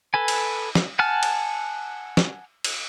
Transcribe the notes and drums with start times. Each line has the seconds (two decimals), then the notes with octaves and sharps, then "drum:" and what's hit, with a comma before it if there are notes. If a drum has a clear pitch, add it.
0.14 A4 B4 G#5
0.28 drum: cymbal
0.75 drum: snare
0.99 F#5 G#5 A5 F6
1.23 drum: cymbal
2.17 drum: snare
2.64 drum: cymbal